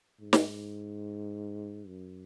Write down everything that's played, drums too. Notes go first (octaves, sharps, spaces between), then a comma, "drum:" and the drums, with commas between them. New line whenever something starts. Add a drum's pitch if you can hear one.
G#2
drum: snare
F#2